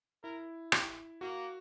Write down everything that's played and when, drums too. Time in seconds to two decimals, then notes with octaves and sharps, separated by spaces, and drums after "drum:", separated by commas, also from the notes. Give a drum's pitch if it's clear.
0.23 E4 A#4
0.72 G4, drum: rim click
1.21 A#3 F#4